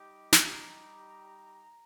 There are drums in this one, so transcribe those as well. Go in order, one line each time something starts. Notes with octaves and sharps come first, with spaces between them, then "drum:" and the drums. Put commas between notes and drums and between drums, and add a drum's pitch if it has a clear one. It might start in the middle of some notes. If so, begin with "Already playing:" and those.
Already playing: G3 D#4 G4
G3 D#4 G4 A#5, drum: snare